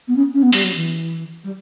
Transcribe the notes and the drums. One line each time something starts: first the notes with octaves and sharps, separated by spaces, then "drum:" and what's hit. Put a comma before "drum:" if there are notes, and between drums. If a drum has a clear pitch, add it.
B3
C#4
C#4
B3
G3, drum: open hi-hat
F#3
E3
G3